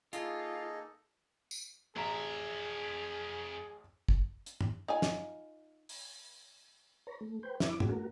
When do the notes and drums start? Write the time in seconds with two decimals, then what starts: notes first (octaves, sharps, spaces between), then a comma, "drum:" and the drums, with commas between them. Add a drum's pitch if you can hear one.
0.13 A#3 D#4 F4 G#4 A4 D#5, drum: hi-hat
1.51 drum: tambourine
1.96 A1 F2 G#4 E5 A#5
4.09 drum: kick
4.46 drum: hi-hat
4.61 drum: tom
4.88 D#4 F4 G#5
5.02 drum: snare
5.89 drum: open hi-hat
7.07 B4 C#5 A#5
7.21 A3
7.43 B4 C5 G5
7.60 E4 B4 E5 D6, drum: snare
7.80 G3 A#3 C#4 F4 F#4 G#4, drum: tom
7.92 A3 F#4 A#4